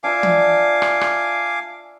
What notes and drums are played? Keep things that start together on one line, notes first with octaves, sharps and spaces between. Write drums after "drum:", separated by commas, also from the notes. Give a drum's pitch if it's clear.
D4 F4 E5 F5 G#5 D6
drum: tom
drum: rim click
drum: rim click